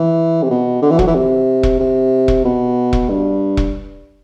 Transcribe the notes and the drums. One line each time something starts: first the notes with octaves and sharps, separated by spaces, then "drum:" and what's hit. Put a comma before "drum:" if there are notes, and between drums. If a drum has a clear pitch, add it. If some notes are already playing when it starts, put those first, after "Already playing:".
Already playing: E3
C3
B2
D3
E3
F#3, drum: kick E1
E3
C3
drum: kick E1
C3
drum: kick E1
B2
drum: kick E1
G2
drum: kick E1